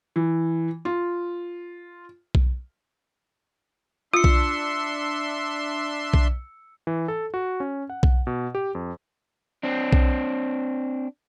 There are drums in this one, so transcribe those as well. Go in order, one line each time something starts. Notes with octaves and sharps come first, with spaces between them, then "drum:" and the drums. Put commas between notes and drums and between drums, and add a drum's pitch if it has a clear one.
E3
F4
drum: kick B1
D4 F4 E5 C6 E6 C#7
drum: kick B1
drum: kick B1
E3
A4
F#4
C#4
F#5
drum: kick B1
B2
G4
F2
C4 D4
drum: kick B1